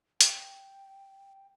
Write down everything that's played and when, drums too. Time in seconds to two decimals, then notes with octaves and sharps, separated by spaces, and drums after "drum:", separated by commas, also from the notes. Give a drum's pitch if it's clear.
0.21 G5, drum: hi-hat